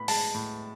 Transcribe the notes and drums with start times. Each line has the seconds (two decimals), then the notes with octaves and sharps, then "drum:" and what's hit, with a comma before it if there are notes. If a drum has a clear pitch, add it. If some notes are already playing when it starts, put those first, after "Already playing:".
Already playing: A2 B3 B5
0.08 G#3 A5, drum: open hi-hat
0.35 A2